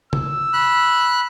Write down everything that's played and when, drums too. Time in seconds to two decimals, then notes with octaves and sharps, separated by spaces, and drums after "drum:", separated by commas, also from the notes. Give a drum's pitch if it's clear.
0.13 E6, drum: tom C3
0.53 B5 F#6